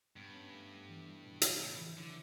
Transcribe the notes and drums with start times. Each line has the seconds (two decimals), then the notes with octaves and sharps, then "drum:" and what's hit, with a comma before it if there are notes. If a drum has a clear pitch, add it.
0.16 G2 B3
0.34 C#4
0.52 A3
0.88 E3
1.24 B2
1.42 drum: hi-hat
1.61 A2 C#3
1.79 E3
1.97 D3 E3